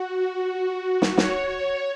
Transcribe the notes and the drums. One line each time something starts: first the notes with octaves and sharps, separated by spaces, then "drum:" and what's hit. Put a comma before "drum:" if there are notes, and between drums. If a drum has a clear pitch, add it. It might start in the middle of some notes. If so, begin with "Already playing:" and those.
Already playing: F#4
drum: snare
C#5, drum: snare
C#5